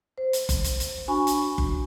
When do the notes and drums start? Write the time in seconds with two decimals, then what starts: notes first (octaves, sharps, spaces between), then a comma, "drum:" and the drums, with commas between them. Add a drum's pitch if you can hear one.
0.18 C5
0.33 drum: hi-hat
0.49 drum: kick F#1, hi-hat
0.64 drum: hi-hat
0.80 drum: hi-hat
1.08 D4 F#4 G#5 B5 C#6
1.27 drum: hi-hat
1.58 drum: kick F#1